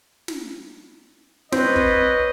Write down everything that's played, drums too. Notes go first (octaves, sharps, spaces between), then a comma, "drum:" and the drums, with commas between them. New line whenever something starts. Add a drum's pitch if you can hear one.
drum: snare
C4 B4 C#5 D#5, drum: snare
drum: kick